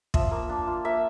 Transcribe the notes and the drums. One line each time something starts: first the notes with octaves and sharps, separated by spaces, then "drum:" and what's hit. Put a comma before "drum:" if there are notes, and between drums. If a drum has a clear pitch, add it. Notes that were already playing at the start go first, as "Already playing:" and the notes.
F3 E5, drum: kick
A#3
D4
F4
A#3 E5